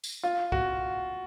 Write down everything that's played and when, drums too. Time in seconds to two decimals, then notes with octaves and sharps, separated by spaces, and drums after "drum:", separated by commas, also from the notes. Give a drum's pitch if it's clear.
0.04 drum: tambourine
0.23 F4
0.52 F#4, drum: kick B1